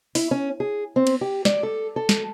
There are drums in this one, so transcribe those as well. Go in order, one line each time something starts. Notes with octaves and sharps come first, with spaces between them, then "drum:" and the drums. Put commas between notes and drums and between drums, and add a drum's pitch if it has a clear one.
E4, drum: open hi-hat
C#4
G#4
C4
drum: cymbal
G4
D5, drum: snare
A4
A4
drum: snare